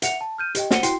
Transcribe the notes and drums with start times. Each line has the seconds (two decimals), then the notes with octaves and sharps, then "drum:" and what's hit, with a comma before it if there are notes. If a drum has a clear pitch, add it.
0.02 E5 F#5 C#7 F7, drum: hi-hat
0.21 A5
0.38 F6 G6 D#7
0.55 G4 D#5 G5, drum: hi-hat
0.71 C5 F#5 C#7 D#7 G7, drum: snare
0.83 E4 F#4 G5 C6 C7, drum: hi-hat